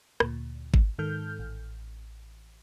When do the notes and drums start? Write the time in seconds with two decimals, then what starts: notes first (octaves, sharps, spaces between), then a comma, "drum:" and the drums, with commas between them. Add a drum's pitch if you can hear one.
0.20 D2 A#2, drum: rim click
0.74 drum: kick G#1
0.99 G#2 D#3 A4 F6 G6
1.39 A1